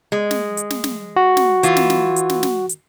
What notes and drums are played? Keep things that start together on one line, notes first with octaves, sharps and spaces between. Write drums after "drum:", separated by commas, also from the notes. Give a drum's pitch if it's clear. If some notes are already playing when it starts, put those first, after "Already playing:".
G#3
drum: snare
drum: hi-hat
drum: snare
drum: snare
F#4
drum: snare
E3 F4, drum: hi-hat
drum: snare
drum: snare
drum: hi-hat
drum: snare
drum: snare
drum: hi-hat